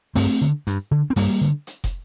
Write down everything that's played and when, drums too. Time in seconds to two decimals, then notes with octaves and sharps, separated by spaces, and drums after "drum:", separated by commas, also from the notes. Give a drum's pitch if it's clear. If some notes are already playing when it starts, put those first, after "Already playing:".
0.15 G2 A3 C4, drum: open hi-hat
0.41 D3
0.67 G2, drum: hi-hat
0.91 D3
1.10 C4
1.16 G2 G3 A#3, drum: open hi-hat
1.41 D3
1.67 drum: hi-hat
1.84 drum: kick, hi-hat